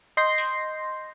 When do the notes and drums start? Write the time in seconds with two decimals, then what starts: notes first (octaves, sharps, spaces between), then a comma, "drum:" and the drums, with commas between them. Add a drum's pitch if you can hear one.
0.17 D#5 C6 G6 A#6 C7
0.38 drum: open hi-hat